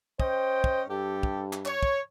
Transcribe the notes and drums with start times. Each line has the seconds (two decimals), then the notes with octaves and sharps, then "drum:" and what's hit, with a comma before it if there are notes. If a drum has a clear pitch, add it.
0.20 C#4 C5 D#5 G5, drum: kick
0.64 drum: kick
0.89 G2 G4 A4
1.23 drum: kick
1.53 drum: clap
1.65 C#5, drum: clap
1.83 drum: kick